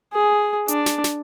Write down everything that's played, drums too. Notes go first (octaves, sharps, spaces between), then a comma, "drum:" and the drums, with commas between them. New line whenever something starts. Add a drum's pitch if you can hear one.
G#4
D4, drum: hi-hat
drum: snare
drum: snare